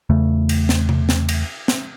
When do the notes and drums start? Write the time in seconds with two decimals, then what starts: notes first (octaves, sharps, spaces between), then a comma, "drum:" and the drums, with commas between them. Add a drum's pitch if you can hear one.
0.10 E2 C#3 A3
0.49 drum: cymbal
0.69 drum: snare
0.89 drum: tom C3
1.09 drum: snare
1.29 drum: cymbal
1.68 drum: snare